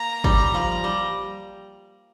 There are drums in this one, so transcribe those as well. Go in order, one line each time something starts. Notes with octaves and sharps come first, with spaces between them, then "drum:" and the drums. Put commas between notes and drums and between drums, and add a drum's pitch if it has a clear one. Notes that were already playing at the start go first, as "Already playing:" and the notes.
Already playing: A#3 A#5
G3, drum: kick
F3
G3